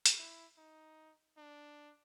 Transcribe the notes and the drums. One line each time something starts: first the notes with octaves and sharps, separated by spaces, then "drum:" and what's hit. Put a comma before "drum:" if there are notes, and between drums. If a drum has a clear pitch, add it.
drum: hi-hat
E4
D#4
D4